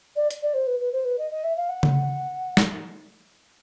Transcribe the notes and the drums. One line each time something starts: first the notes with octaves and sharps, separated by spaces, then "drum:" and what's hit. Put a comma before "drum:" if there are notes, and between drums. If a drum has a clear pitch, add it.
D5
drum: hi-hat
D5
C5
B4
B4
C5
B4
D#5
D#5
E5
F5
F#5
drum: tom C#3
drum: snare